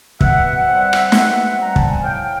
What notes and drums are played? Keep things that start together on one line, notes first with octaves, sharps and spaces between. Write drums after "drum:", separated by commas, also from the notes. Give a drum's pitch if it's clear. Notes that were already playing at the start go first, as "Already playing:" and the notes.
B2 E5 F#5, drum: kick
G3 C4
drum: rim click
B2, drum: snare
G3 C4 A#5
A5, drum: kick
G#5
A2 F5 G5